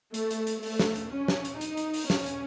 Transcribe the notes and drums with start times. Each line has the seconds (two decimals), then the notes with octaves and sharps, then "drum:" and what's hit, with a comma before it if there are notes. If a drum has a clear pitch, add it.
0.14 A3, drum: hi-hat
0.31 drum: hi-hat
0.47 drum: hi-hat
0.63 A3, drum: open hi-hat
0.79 drum: snare
0.96 drum: hi-hat
1.12 C#4
1.28 drum: snare
1.45 drum: hi-hat
1.61 D#4, drum: hi-hat
1.77 drum: hi-hat
1.94 drum: open hi-hat
2.10 C#4, drum: snare
2.26 drum: hi-hat